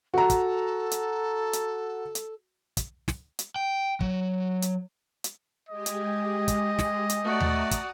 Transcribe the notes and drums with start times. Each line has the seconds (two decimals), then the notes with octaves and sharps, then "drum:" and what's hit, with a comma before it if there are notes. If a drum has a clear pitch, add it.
0.14 F#4 A4 A#5
0.30 drum: kick, hi-hat
0.91 drum: hi-hat
1.53 drum: hi-hat
2.15 drum: hi-hat
2.77 drum: kick, hi-hat
3.08 drum: snare
3.39 drum: hi-hat
3.56 G5
4.00 F#3, drum: kick
4.62 drum: hi-hat
5.24 drum: hi-hat
5.69 G#3 G4 G#4 D#5
5.86 drum: hi-hat
6.48 drum: kick, hi-hat
6.79 drum: snare
7.10 drum: hi-hat
7.24 A3 F#4 D5 A5 A#5 D#6
7.40 drum: tom D#2
7.71 drum: kick, hi-hat